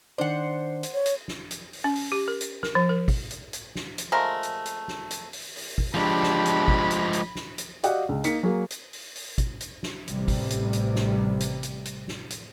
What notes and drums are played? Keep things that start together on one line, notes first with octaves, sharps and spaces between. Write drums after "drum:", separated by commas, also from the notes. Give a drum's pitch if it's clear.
D#3 D4 C5 D5 F#5
drum: hi-hat
C#5
drum: hi-hat
drum: snare
drum: hi-hat
drum: open hi-hat
C#4
drum: open hi-hat
G4
A#4
drum: hi-hat
A#4, drum: snare
F3
A#4
drum: kick, open hi-hat
drum: hi-hat
drum: hi-hat
drum: snare
drum: hi-hat
F3 G#3 A3 A#4
drum: hi-hat
drum: hi-hat
drum: snare
drum: hi-hat
drum: open hi-hat
drum: open hi-hat
drum: kick
F3 G#3 D4 G4 B5
drum: snare
drum: hi-hat
drum: kick
drum: hi-hat
drum: hi-hat
drum: snare
drum: hi-hat
F#4 G4 D5 D#5 F5 F#5, drum: hi-hat
C#2
A#3 D#4 B6 C#7, drum: hi-hat
F#3 A#3 G#4
drum: hi-hat
drum: open hi-hat
drum: open hi-hat
drum: kick, hi-hat
drum: hi-hat
drum: snare
A1 C3 G3, drum: hi-hat
drum: kick, open hi-hat
drum: hi-hat
drum: hi-hat
drum: snare
drum: hi-hat
drum: hi-hat
drum: hi-hat
drum: snare
drum: hi-hat